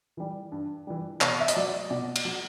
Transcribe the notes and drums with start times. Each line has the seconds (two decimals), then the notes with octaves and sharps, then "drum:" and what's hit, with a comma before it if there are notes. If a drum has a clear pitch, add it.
0.17 E3 G3
0.52 G2
0.87 E3 G3
1.21 B2 C#5, drum: clap
1.40 E5
1.48 D#5, drum: hi-hat
1.56 F#3 D5
1.90 B2 D5
2.16 drum: cymbal
2.25 F#3